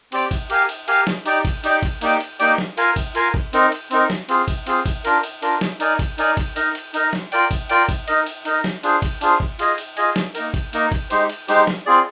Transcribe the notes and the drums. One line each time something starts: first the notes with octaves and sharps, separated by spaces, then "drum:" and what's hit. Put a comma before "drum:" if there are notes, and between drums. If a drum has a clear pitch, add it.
C4 G4 D5 G5, drum: cymbal
drum: kick G#1, cymbal
G4 A#4 F5 G#5, drum: cymbal
drum: cymbal
G4 A#4 F5 G#5, drum: cymbal
drum: snare
D#4 G4 D5 G5, drum: cymbal
drum: kick G#1, cymbal
D#4 G4 D5 G5, drum: cymbal
drum: kick G#1, cymbal
A#3 D#4 G4 D5 G5, drum: cymbal
drum: cymbal
A#3 D#4 G4 D5 G5, drum: cymbal
drum: snare
F4 A#4 F5 G#5, drum: cymbal
drum: kick G#1, cymbal
F4 A#4 F5 G#5, drum: cymbal
drum: kick G#1
C4 D#4 A#4, drum: cymbal
drum: cymbal
C4 D#4 A#4, drum: cymbal
drum: snare
C4 F4 G#4 C5, drum: cymbal
drum: kick G#1, cymbal
C4 F4 G#4 C5, drum: cymbal
drum: kick G#1, cymbal
D4 F4 A#4, drum: cymbal
drum: cymbal
D4 F4 A#4, drum: cymbal
drum: snare
D#4 A#4 D5 G#5, drum: cymbal
drum: kick G#1, cymbal
D#4 A#4 D5 G#5, drum: cymbal
drum: kick G#1, cymbal
D#4 A#4 D#5, drum: cymbal
drum: cymbal
D#4 A#4 D#5, drum: cymbal
drum: snare
F4 A#4 D5 G5, drum: cymbal
drum: kick G#1, cymbal
F4 A#4 D5 G5, drum: cymbal
drum: kick G#1, cymbal
D#4 A#4 D#5, drum: cymbal
drum: cymbal
D#4 A#4 D#5, drum: cymbal
drum: snare
D4 F4 G#4 C5, drum: cymbal
drum: kick G#1, cymbal
D4 F4 G#4 C5, drum: cymbal
drum: kick G#1
F4 G#4 D#5 G#5, drum: cymbal
drum: cymbal
F4 G#4 D#5 G#5, drum: cymbal
drum: snare
A#3 D#4 A#4, drum: cymbal
drum: kick G#1, cymbal
A#3 D#4 A#4, drum: cymbal
drum: kick G#1, cymbal
G#3 D#4 G4 C5, drum: cymbal
drum: cymbal
G#3 D#4 G4 C5, drum: cymbal
drum: snare
C4 F4 G#4 D5